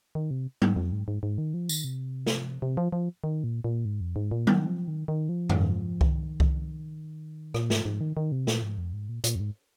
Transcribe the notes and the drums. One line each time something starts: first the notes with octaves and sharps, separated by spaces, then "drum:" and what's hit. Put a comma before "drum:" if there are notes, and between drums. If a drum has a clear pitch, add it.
D#3
C3
G#2, drum: tom F#3
F2
G#2
G#2
G#2
D#3
F3
D#3, drum: tambourine
C3
drum: snare
C3
F3
F3
D#3
A#2
A#2
G#2
F2
G#2
A#2
D#3, drum: tom F#3
F3
D#3
D#3
F3
D#3, drum: tom F2
F3
D#3, drum: kick C2
drum: kick C2
A#2, drum: rim click
G#2, drum: snare
G#2
D#3
D#3
C3
A#2, drum: snare
G#2
F2
G#2
A#2
A#2, drum: hi-hat
F2
G#2